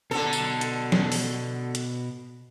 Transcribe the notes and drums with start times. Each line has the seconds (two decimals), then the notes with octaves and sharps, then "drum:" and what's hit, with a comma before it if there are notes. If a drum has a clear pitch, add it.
0.11 B2 D3 A4 A#5
0.33 drum: tambourine
0.61 drum: hi-hat
0.92 drum: snare
1.12 drum: open hi-hat
1.75 drum: hi-hat